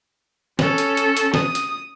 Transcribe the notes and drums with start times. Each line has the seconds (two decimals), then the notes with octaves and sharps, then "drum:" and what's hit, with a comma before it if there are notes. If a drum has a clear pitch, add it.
0.59 C#4 A4, drum: snare
0.78 drum: hi-hat
0.97 drum: hi-hat
1.17 drum: hi-hat
1.34 D#6, drum: snare
1.55 drum: hi-hat